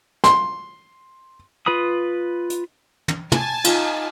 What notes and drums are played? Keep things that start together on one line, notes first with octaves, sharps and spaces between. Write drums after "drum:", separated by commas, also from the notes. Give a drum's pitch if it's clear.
C6, drum: snare
F4 B4 B5 D#6
drum: hi-hat
drum: tom
G#5 A5, drum: tom
D#4 F4, drum: cymbal